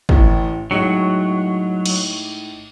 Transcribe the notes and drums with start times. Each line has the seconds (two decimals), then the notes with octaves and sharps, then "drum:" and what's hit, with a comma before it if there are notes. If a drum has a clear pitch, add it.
0.09 A1 A2, drum: kick
0.71 A2 F#3 G#3 D#4
1.86 drum: cymbal